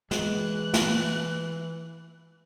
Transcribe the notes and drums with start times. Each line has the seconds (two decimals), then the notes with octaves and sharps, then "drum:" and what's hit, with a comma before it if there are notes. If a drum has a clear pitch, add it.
0.11 E3 G#3 F#6, drum: snare
0.74 drum: snare